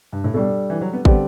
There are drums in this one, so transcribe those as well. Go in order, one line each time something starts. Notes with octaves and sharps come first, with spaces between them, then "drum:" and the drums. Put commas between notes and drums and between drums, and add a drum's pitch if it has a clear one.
G2
A2
B2 G3 D4 A4
E3
F#3
B3
D3 G3 B3 C4 G4 D5, drum: kick